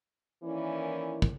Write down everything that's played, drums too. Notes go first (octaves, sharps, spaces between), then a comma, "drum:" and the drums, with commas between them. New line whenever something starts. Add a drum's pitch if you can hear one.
D#3 E3 A#3 C#4 E4 D5
drum: kick